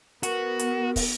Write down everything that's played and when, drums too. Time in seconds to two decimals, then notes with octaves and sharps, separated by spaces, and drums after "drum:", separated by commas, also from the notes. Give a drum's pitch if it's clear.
0.23 B3 F#4 A#4, drum: hi-hat
0.59 drum: hi-hat
0.96 drum: kick, open hi-hat